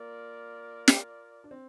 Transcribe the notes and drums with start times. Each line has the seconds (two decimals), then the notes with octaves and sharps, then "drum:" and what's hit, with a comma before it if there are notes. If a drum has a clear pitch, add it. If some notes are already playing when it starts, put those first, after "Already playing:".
Already playing: A#3 F4 A#4 D5
0.88 drum: snare
1.44 D4
1.51 C4